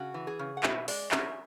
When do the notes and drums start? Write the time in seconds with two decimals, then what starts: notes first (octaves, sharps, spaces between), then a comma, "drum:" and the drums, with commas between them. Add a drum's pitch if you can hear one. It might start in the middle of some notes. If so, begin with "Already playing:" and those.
Already playing: C#3 F#4
0.14 E3
0.27 G#4
0.39 C#3
0.57 F#5
0.63 B2 E5, drum: clap
0.88 G#3 D5, drum: open hi-hat
1.11 C#4 E5, drum: clap